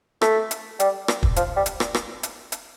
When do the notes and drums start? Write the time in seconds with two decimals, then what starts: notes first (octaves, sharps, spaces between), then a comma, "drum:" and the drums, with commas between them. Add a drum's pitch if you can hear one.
0.22 A3, drum: rim click
0.51 drum: hi-hat
0.80 G3, drum: hi-hat
1.08 drum: rim click
1.23 drum: kick
1.36 F3, drum: hi-hat
1.56 G3
1.66 drum: hi-hat
1.80 drum: rim click
1.94 drum: rim click
2.23 drum: hi-hat
2.52 drum: hi-hat